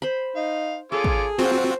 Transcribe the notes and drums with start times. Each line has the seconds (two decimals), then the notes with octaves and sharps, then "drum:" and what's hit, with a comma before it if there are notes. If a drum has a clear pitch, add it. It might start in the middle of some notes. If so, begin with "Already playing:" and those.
0.02 C5 B5
0.36 D#4 F5
0.92 C#4 F4 G#4 A4 D6
1.04 drum: kick
1.39 F#3 C4 F4 F#4 C5